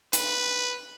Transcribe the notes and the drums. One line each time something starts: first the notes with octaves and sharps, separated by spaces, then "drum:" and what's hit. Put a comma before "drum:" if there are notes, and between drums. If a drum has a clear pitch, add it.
B4, drum: hi-hat